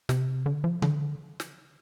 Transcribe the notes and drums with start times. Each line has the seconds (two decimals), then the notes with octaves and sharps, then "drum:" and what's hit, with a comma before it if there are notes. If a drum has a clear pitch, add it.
0.09 C3, drum: snare
0.46 D3
0.64 F3
0.82 D3, drum: tom D3
1.40 drum: snare